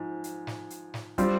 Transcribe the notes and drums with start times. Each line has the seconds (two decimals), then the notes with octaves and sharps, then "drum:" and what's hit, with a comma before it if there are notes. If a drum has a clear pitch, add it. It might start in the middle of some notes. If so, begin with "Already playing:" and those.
Already playing: G#2 F3
0.24 drum: hi-hat
0.47 drum: snare
0.70 drum: hi-hat
0.94 drum: snare
1.18 G3 C4 F4, drum: kick, hi-hat